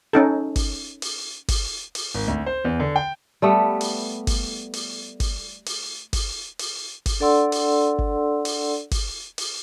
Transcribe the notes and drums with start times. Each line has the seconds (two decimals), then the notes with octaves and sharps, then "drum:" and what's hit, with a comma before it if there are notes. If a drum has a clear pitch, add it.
0.13 C#4 D#4 A4
0.56 drum: kick G1, open hi-hat
1.02 drum: open hi-hat
1.48 drum: kick G1, open hi-hat
1.95 drum: open hi-hat
2.15 G#1
2.28 D2
2.46 C5
2.65 E2
2.80 D3
2.96 G5
3.42 G3 A3 B3
3.81 drum: open hi-hat
4.27 drum: kick G1, open hi-hat
4.73 drum: open hi-hat
5.20 drum: kick G1, open hi-hat
5.66 drum: open hi-hat
6.13 drum: kick G1, open hi-hat
6.59 drum: open hi-hat
7.06 drum: kick G1, open hi-hat
7.20 D4 A4 D5 F#5 C6 E6
7.52 drum: open hi-hat
7.99 drum: kick G1
8.45 drum: open hi-hat
8.91 drum: kick G1, open hi-hat
9.38 drum: open hi-hat